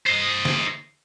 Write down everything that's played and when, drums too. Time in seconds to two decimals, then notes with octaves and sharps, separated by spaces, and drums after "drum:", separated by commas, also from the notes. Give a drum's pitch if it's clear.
0.07 C5 D#5
0.45 drum: snare